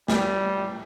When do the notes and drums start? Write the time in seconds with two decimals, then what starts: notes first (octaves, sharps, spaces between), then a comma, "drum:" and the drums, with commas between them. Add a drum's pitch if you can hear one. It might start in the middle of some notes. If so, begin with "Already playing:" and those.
0.08 G3, drum: snare